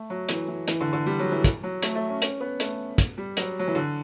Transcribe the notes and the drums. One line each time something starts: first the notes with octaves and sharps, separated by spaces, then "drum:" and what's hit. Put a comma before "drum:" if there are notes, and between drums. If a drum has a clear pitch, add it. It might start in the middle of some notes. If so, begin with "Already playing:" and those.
Already playing: A3
F#3
E3, drum: hi-hat
E3
E3, drum: hi-hat
D3
D3
G3
F#3
E3
drum: kick, hi-hat
F#3
A3, drum: hi-hat
A3
C#4
C#4, drum: hi-hat
B3
A3, drum: hi-hat
drum: kick, hi-hat
G3
F#3, drum: hi-hat
F#3
E3
D3